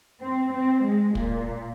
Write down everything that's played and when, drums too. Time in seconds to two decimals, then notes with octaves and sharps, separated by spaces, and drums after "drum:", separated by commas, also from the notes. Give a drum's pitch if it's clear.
0.21 C4
0.52 C4
0.83 G#3
1.15 A#2, drum: kick